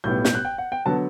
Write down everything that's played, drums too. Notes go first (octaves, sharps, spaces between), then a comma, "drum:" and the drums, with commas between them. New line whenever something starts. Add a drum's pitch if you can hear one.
B1 A2 G3 B3 G6
G6, drum: snare
F#6
G5
F#5
G5
D3 F#3 B3 A5